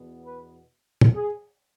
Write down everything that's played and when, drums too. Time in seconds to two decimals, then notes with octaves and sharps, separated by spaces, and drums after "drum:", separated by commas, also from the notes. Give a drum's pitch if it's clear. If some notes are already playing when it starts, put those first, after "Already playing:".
Already playing: E2 B2 B3
0.25 B4
1.01 drum: tom
1.14 G#4